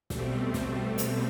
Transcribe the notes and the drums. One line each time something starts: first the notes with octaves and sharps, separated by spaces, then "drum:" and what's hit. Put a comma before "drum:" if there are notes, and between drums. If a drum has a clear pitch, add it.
B2 G3 A3 C4, drum: snare
drum: snare
drum: hi-hat